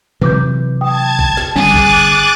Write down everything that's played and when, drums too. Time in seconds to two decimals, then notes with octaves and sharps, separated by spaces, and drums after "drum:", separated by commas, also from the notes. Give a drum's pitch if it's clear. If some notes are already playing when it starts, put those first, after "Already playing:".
0.21 C3 E3 F#3 B4 D6 G6
0.81 G5 A5 D#6 G#6
1.19 drum: kick A1
1.37 drum: snare
1.56 G1 G3 C#4 G#4 G#5 D6 F#6 A6
1.74 drum: kick A1